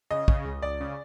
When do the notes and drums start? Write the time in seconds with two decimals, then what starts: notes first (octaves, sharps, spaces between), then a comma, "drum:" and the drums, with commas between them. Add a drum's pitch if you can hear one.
0.11 C#3 D#5
0.28 C#3, drum: kick
0.45 C#2
0.62 C#2 D5
0.81 C#3